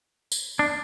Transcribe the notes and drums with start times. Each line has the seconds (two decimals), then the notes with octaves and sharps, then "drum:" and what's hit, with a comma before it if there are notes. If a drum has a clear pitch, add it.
0.32 drum: tambourine
0.59 D4